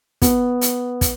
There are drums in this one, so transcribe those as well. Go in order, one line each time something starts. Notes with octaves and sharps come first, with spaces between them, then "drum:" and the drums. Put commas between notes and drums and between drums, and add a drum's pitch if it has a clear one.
B3, drum: kick, hi-hat
drum: hi-hat
drum: kick, hi-hat